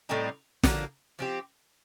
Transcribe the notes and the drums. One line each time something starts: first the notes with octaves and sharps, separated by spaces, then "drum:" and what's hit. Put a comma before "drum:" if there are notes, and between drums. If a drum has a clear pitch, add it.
A2 G3 C4 D#4
D3 F3 A#3, drum: snare
F3 C4 G4